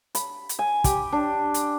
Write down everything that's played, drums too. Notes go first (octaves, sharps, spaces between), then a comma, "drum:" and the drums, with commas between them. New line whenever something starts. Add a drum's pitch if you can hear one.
B5, drum: hi-hat
drum: hi-hat
G#5
G4, drum: kick, hi-hat
D4
drum: hi-hat